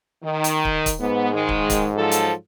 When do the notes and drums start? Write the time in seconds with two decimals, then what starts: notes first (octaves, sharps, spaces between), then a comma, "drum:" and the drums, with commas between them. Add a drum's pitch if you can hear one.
0.23 D#3
0.44 drum: hi-hat
0.65 drum: kick
0.86 drum: kick, hi-hat
1.00 G#2 B3
1.33 D#3 G#3
1.49 drum: kick
1.70 drum: kick, hi-hat
1.96 F3 F#3 A4
2.11 drum: hi-hat